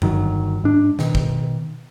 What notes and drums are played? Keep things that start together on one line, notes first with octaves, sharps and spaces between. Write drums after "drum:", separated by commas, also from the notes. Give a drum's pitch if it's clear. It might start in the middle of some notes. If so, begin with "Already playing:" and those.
G1 D#3 F#3, drum: tom F2
G#2 D4
B2 D#3, drum: snare
drum: kick